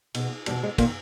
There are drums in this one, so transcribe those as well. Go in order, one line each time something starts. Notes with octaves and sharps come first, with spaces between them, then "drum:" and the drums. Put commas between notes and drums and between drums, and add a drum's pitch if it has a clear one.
B2, drum: cymbal
E2
E2 G2 B2 G3, drum: cymbal
G#2 G#3
A#2 D#3 A#3, drum: kick, cymbal